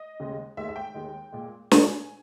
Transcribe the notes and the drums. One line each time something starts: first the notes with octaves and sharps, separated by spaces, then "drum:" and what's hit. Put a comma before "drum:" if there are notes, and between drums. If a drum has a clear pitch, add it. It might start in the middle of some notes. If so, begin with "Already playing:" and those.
Already playing: D#5
D#2 C#3 G#3
D#2 D#3 G#3 E5
E5
G5
D#2 D#3 G#3
A#2 G#3
A#2 G#3 G#5, drum: snare